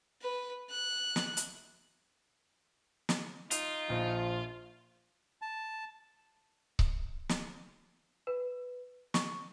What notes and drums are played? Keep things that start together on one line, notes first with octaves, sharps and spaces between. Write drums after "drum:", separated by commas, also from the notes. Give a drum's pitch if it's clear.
B4
F#6
drum: snare
drum: hi-hat
drum: snare
D#4 F4, drum: hi-hat
A#1 F3
A5
drum: kick C#1
drum: snare
B4
C#6, drum: snare